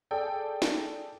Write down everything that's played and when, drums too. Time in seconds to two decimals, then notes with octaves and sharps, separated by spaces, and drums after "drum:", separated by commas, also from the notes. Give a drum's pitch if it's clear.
0.11 G#4 A4 D5 G5
0.62 drum: snare